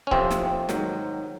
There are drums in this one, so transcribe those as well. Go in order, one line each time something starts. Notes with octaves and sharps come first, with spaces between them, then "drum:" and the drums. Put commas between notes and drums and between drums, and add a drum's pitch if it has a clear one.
C#4
F2 C3 F3 C4, drum: kick C#1
drum: snare
G#2 D#3 F#3, drum: snare